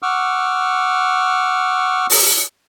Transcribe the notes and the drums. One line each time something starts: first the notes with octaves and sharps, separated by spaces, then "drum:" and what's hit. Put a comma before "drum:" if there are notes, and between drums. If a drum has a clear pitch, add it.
F#5 C#6 D6 E6 F6
drum: open hi-hat